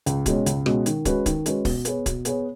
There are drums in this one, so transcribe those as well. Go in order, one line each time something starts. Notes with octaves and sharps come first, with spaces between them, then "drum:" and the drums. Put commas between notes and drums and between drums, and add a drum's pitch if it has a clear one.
C#2, drum: hi-hat
B2 G#3 C#4, drum: kick, hi-hat
C#2, drum: hi-hat
B2 G#3 C#4, drum: rim click
D#3, drum: hi-hat
G#3 C#4 F#4 B4, drum: kick, hi-hat
D#3, drum: kick, hi-hat
G#3 C#4 F#4 B4, drum: hi-hat
B2, drum: kick, open hi-hat
B3 G#4 C#5, drum: hi-hat
B2, drum: kick, hi-hat
B3 G#4 C#5, drum: hi-hat